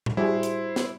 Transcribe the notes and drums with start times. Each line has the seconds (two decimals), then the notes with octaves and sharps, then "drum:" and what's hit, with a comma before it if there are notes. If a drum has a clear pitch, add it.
0.06 drum: tom A2
0.17 G3 E4 F#4 G#4 C5
0.43 drum: hi-hat
0.76 drum: snare